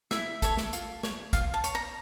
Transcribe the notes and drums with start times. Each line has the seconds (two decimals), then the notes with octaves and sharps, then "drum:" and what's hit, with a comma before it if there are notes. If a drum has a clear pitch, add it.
0.11 E4 E5, drum: snare
0.42 A4 C#5, drum: kick, hi-hat
0.57 drum: snare
0.73 F4, drum: hi-hat
1.03 C#5, drum: snare
1.33 F4 F5, drum: kick, hi-hat
1.54 A5
1.64 C#5, drum: hi-hat
1.75 A#5